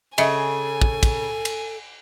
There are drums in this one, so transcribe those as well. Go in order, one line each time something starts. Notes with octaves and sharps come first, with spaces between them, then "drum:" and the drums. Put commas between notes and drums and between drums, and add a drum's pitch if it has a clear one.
C#3 A4 D#5 E5 G#5, drum: cymbal
drum: kick
drum: kick, cymbal
drum: cymbal